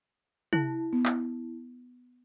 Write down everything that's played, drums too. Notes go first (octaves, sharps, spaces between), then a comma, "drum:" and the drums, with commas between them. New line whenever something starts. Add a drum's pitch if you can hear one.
E4, drum: tom C3
B3
drum: clap